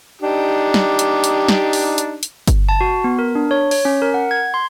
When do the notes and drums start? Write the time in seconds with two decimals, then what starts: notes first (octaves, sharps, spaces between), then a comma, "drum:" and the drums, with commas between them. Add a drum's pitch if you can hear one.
0.21 D4 D#4 G4
0.74 drum: snare
0.99 drum: hi-hat
1.24 drum: hi-hat
1.48 drum: snare
1.73 drum: open hi-hat
1.98 drum: hi-hat
2.23 drum: hi-hat
2.47 drum: kick G1, hi-hat
2.69 A5
2.81 F#4
3.04 B3
3.19 A#4
3.35 D4
3.51 C#5
3.71 C#5, drum: open hi-hat
3.85 C#4
4.02 A#4
4.14 F#5
4.31 G#6
4.54 C6